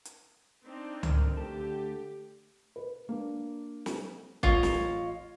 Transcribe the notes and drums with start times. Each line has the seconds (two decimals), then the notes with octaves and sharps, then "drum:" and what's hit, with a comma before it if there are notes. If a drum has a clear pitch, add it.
0.05 drum: hi-hat
0.65 C4 D4 D#4
1.03 D3 A#4, drum: tom C#2
1.37 D3 A3 G4 A5
2.76 B4
3.09 A#3 D4
3.86 drum: snare
4.43 A1 F4 C#5 D#5 G#6, drum: kick
4.63 drum: snare